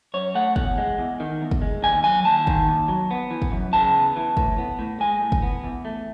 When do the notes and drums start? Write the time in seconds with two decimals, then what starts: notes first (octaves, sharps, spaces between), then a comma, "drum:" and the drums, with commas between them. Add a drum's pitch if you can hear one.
0.14 F#2 C#5
0.35 A3 F#5
0.56 E2 F#5, drum: kick
0.78 G#3
0.98 E2
1.20 D#3
1.41 E2
1.51 drum: kick
1.62 G#3
1.83 D#2 G#5
2.04 F#3 G#5
2.25 D#2 A5
2.47 D#3, drum: kick
2.68 D#2
2.88 F#3
3.11 B3
3.31 E3
3.42 drum: kick
3.52 F#2
3.73 C#3 A5
3.94 B3
4.16 E3
4.37 A2, drum: kick
4.58 B3
4.79 A2
5.00 G#3 G#5
5.21 A2
5.32 drum: kick
5.42 B3
5.64 E2
5.85 A3